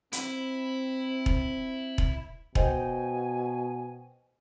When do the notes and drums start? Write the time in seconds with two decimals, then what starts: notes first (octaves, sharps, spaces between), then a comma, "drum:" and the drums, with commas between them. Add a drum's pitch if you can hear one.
0.13 C4 E4, drum: hi-hat
1.26 drum: kick E1
1.98 drum: kick E1
2.55 B2 C5 D#5 G5 G#5, drum: kick E1